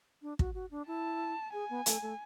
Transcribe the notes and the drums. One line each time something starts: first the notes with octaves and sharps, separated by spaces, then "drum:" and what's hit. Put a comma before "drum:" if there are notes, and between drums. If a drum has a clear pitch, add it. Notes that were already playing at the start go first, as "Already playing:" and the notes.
D4
F#4, drum: kick
F#4
D4
E4 A5
G#4 G#5
B3
A3, drum: hi-hat
A3